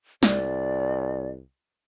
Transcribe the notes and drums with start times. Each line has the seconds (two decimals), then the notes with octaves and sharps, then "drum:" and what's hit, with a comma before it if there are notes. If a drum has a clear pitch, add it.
0.23 C2 D5, drum: snare